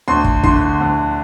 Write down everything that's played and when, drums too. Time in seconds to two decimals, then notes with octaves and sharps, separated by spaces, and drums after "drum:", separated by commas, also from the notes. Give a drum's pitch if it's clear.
0.08 D2 C6
0.25 drum: kick
0.44 D3 C6, drum: kick
0.80 D2